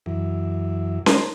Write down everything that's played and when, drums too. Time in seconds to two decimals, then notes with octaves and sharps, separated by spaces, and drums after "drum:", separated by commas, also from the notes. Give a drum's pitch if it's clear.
0.06 F#2 E3
1.06 D#4 A#4 C5, drum: snare C#4